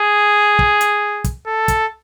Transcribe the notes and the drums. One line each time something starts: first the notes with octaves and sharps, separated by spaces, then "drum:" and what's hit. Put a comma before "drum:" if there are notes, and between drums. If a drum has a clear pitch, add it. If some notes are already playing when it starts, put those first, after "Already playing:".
Already playing: G#4
drum: kick
drum: hi-hat
drum: kick, hi-hat
A4
drum: kick, hi-hat